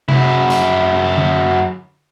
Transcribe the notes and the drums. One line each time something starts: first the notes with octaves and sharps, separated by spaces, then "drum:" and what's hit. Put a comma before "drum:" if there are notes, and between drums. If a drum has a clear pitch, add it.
F#2 E4, drum: tom C3
drum: tambourine
drum: tom D3